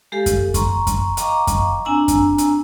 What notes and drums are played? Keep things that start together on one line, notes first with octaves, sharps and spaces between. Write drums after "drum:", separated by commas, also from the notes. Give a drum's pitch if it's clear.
G#3 G4 A4 F5
drum: kick F#2, hi-hat
A#5 C6 C#6, drum: kick F#2, hi-hat
drum: kick F#2, hi-hat
D#5 F5 G5 A#5 C#6 D6, drum: hi-hat
drum: kick F#2, hi-hat
C4 D4 G#5 A#5 E6
drum: kick F#2, hi-hat
drum: hi-hat